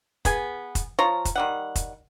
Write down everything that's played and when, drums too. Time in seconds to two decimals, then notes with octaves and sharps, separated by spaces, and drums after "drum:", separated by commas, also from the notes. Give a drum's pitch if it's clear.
0.25 B3 G#4 G#5, drum: kick F1, hi-hat
0.75 drum: kick F1, hi-hat
0.99 F3 F4 C#5 A#5
1.25 drum: kick F1, hi-hat
1.35 D#3 G3 F#5
1.75 drum: kick F1, hi-hat